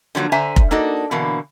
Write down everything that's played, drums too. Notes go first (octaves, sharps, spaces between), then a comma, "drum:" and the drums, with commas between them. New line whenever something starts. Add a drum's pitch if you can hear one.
D3 F3 F#3 A#3
D3 C5 E5 G#5 A#5
drum: kick F1
A#3 D4 D#4 F#4 A4
B2 D3 E3 A#3